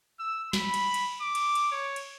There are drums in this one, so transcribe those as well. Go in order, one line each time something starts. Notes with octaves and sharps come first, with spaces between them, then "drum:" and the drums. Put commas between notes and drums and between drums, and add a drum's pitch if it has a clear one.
E6
B5, drum: snare
drum: cymbal
drum: cymbal
D6
drum: cymbal
drum: cymbal
C#5
drum: cymbal